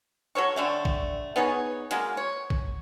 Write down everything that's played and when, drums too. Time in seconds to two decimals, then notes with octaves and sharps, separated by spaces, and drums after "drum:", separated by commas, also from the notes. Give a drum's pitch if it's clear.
0.35 F#3 A4 C#5 C#6
0.56 D3 G3 A3
0.85 drum: kick
1.36 B3 D#4 G#4 C#5
1.91 F#3 G#3 A#3, drum: hi-hat
2.17 C#5
2.50 drum: kick